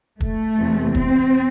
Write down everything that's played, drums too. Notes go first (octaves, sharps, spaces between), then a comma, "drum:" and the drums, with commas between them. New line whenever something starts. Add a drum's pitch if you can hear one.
A3, drum: kick
E2 C3 E3
C4, drum: kick